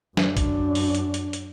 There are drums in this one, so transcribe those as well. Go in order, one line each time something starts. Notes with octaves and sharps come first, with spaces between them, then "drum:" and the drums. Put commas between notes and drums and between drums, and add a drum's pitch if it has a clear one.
F#2 D4, drum: snare
drum: kick B1, hi-hat
drum: open hi-hat
drum: hi-hat
drum: hi-hat
drum: hi-hat